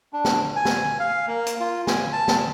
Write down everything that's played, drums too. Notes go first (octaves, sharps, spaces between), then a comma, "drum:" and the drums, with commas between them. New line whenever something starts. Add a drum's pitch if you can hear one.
D4
drum: snare
G#5
drum: snare
F5
A#3
drum: hi-hat
F4
G#5, drum: snare
A5
drum: snare